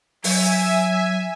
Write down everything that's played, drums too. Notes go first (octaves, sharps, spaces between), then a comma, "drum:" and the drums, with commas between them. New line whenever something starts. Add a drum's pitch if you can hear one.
F#3 E5 G#5, drum: open hi-hat